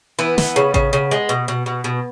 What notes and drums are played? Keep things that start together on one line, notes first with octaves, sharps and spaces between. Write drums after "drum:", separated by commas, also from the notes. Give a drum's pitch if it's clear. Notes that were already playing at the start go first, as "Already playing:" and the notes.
E3 B3
E3, drum: snare
C#3
C#3, drum: kick A1
C#3
G#3
B2
B2
B2
B2